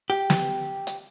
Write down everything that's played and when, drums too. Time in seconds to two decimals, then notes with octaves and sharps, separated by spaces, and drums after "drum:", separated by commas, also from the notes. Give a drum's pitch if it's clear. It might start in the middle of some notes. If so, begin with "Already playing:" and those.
0.10 G4
0.30 drum: snare
0.87 drum: hi-hat